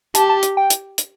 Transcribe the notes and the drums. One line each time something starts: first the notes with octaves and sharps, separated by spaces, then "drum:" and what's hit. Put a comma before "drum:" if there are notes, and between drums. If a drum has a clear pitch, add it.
G4 A5, drum: hi-hat
A5
drum: hi-hat
G5
drum: hi-hat
drum: hi-hat